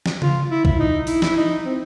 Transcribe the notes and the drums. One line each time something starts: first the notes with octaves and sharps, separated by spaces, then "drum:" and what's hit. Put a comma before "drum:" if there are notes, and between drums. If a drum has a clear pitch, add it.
drum: snare
F4, drum: tom C#3
E4
E4, drum: kick A#1
D#4
E4, drum: open hi-hat
E4, drum: snare
D#4
C4